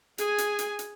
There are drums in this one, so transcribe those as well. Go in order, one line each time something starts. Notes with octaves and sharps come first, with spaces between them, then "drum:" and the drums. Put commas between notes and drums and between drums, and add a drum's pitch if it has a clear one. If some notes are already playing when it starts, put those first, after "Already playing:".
G#4 G#5, drum: hi-hat
drum: hi-hat
drum: hi-hat
drum: hi-hat